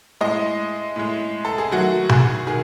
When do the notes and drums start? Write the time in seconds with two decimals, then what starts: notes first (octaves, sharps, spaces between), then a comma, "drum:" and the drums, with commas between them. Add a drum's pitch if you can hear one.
0.21 A2 G#3 D#5
0.96 A2 G#3
1.45 A4
1.58 G#4
1.71 D#3 F#3 A3 F#4
2.09 G#4, drum: tom B2
2.47 D#3 G#4